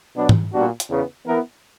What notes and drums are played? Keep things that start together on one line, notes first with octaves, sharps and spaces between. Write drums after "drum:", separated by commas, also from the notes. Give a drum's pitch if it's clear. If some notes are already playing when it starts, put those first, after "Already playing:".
B2 F#3 B3 D4
drum: tom
A#2 G3 B3 D4 F#4
drum: hi-hat
E2 C#3 E3 B3
E3 B3 E4 A#4